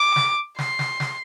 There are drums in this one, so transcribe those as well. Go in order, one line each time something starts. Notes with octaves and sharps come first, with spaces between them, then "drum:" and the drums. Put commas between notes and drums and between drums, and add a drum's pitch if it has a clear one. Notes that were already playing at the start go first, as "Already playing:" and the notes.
Already playing: D6
drum: snare
C6, drum: snare
drum: snare
drum: snare